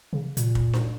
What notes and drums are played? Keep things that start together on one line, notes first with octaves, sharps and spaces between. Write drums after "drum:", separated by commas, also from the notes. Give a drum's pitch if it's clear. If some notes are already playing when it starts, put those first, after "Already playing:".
C#3
A#2, drum: hi-hat
drum: kick
drum: snare D4